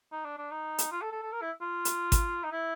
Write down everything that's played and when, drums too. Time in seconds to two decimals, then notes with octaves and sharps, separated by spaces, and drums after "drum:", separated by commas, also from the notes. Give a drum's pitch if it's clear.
0.12 D#4
0.25 D4
0.38 D4
0.51 D#4
0.78 drum: hi-hat
0.92 F4
1.02 A4
1.12 A4
1.22 A4
1.32 A#4
1.41 E4
1.62 F4
1.85 drum: hi-hat
2.12 drum: kick G#1, hi-hat
2.44 D#4
2.52 E4